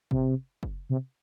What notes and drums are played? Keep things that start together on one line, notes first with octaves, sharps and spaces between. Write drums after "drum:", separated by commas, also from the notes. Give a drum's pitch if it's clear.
C3, drum: kick
drum: kick
C3